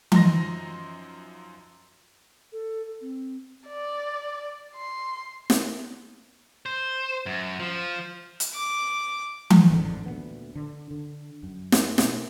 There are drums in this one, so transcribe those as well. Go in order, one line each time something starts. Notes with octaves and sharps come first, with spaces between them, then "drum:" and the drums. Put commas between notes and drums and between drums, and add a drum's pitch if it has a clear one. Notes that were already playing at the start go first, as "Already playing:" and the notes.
F#2 F3 D#4 C6 A#6, drum: tom E3
A4
C4
D5
C6
drum: snare
C5
F#2
F3
drum: hi-hat
D6
drum: tom E3
A1 F2 G#2 D3
D2 A#2 A#3 B3
D3
D3
F#2
drum: snare
B2 C4, drum: snare